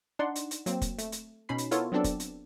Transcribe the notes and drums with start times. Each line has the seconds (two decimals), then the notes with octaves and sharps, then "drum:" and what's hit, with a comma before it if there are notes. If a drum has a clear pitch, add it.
0.19 D4 D#4 D5 F#5 C6
0.35 drum: hi-hat
0.51 drum: hi-hat
0.66 F#3 A#3 C4, drum: hi-hat
0.82 drum: kick F1, hi-hat
0.98 A3, drum: hi-hat
1.12 drum: hi-hat
1.49 B2 C#4 D#4 B5 C7
1.58 drum: hi-hat
1.71 B3 E4 F4 A4 A#4 C#5, drum: hi-hat
1.92 F#3 B3 C4 D4 A4 D5
2.04 drum: kick F1, hi-hat
2.20 drum: hi-hat